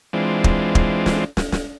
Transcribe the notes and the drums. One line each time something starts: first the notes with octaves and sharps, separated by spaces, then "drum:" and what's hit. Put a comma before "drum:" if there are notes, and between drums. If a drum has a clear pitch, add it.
E3 G#3 C4 D4 F4
drum: kick
drum: kick
drum: snare
drum: snare
drum: snare